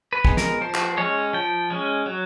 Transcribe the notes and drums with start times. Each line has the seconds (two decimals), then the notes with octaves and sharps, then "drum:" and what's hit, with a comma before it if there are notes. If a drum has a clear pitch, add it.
0.13 B4
0.25 G#3 B3 D#4, drum: kick
0.37 A#4, drum: snare
0.61 F3 C5
0.74 drum: clap
0.97 G#3 C#4 C#5
1.33 F3 G5
1.70 G#3 C#4
2.06 F#3